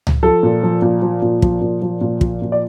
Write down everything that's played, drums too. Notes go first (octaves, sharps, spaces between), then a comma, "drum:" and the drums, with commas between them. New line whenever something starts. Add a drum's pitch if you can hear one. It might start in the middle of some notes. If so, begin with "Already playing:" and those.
drum: tom C#2
F3 A4
A#2
F3
A#2
F3
A#2
F3, drum: kick
A#2
F3
A#2
F3, drum: kick
A#2
D5